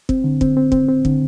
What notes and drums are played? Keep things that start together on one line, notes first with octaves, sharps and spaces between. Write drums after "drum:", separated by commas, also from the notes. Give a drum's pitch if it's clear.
C4, drum: kick
D3
C4, drum: kick
C4
C4, drum: kick
C4
D3, drum: kick